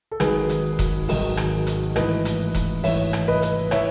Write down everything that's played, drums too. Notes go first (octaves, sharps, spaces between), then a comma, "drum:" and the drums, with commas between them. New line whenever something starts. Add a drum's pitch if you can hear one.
A4
G#1 G#2 D#3 F#3 G#4 B4, drum: rim click
drum: hi-hat
drum: kick E1, hi-hat
G#1 G#2 D#3 F#3, drum: open hi-hat
drum: rim click
drum: hi-hat
A1 G#2 E3 B4 D#5, drum: rim click
drum: hi-hat
drum: kick E1, hi-hat
A1 G#2 E3 C#5 E5, drum: open hi-hat
drum: rim click
B4 D#5
drum: hi-hat
E3 C#5 E5, drum: rim click